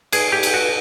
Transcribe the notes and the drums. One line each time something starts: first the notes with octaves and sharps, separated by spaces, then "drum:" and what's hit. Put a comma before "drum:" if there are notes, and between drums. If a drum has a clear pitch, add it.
G#4 B4, drum: cymbal
G4
drum: cymbal
F#4